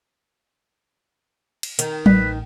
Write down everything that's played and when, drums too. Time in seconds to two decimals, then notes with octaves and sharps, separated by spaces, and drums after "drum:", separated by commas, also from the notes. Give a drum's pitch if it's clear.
1.63 drum: cymbal
1.79 D#3, drum: hi-hat
2.06 A1 B4, drum: tom F#3